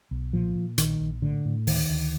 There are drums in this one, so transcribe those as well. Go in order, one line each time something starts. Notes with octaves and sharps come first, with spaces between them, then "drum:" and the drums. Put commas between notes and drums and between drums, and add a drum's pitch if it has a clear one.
B1
A#2 F3
A#2
A#1 D#3, drum: hi-hat
A#1
A2 D3
A2
D2 D#3, drum: open hi-hat
D2